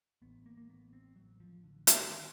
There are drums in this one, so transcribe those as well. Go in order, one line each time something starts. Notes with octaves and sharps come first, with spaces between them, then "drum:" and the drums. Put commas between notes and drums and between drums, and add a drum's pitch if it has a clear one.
A1 B3
A#3
A#3
A1 B3
C4
A1 F#3
F3
D3
D#3, drum: hi-hat